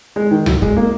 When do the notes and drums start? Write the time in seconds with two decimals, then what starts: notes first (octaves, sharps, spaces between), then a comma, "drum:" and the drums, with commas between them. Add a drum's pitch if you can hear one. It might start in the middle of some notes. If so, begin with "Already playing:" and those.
0.16 G#3
0.31 D#3
0.46 F#3, drum: tom C2
0.62 G#3, drum: kick
0.77 A#3